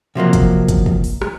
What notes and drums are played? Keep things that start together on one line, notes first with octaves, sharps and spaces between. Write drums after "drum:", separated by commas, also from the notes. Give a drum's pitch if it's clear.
C3 F3 F#3 A#3
drum: kick, hi-hat
drum: kick, hi-hat
drum: kick
drum: open hi-hat
drum: rim click